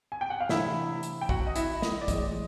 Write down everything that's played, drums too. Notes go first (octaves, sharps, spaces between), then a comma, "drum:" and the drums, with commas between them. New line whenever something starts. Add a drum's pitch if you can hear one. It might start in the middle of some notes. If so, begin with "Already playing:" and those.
G#5
G5
F#5
F5
C3 E3 A3 D4 E4 E5, drum: snare
drum: hi-hat
G5
F#4 F#5, drum: kick
D#5
E4 E5, drum: hi-hat
D#5, drum: snare
D5
A2 E3 G#3 D#5, drum: kick, hi-hat